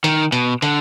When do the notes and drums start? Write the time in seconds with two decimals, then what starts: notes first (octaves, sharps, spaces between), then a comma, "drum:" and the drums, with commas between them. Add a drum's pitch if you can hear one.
0.04 D#3, drum: hi-hat
0.32 B2, drum: hi-hat
0.62 D3, drum: hi-hat